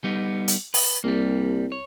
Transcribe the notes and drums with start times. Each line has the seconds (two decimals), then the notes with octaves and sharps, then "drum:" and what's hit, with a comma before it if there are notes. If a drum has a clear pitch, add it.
0.04 G3 B3 D#4
0.48 drum: hi-hat
0.74 B4, drum: open hi-hat
1.04 C2 G3 A#3
1.72 C#5